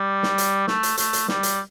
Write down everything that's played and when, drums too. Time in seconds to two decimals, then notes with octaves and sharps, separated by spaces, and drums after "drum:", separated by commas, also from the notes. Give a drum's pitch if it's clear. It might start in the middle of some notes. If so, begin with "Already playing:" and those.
Already playing: G3
0.23 drum: snare
0.38 drum: hi-hat
0.68 A3, drum: snare
0.83 drum: hi-hat
0.97 A3, drum: hi-hat
1.13 drum: hi-hat
1.28 G3, drum: snare
1.43 drum: hi-hat